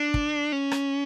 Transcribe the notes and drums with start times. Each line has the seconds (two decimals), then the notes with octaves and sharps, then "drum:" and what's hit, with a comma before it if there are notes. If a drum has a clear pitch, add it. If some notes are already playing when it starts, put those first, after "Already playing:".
Already playing: D4
0.14 drum: kick
0.52 C#4
0.71 drum: rim click